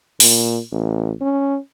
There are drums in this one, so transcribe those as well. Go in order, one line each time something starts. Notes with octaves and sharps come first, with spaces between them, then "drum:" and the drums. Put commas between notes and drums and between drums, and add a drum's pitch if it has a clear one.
A#2, drum: open hi-hat
A1
C#4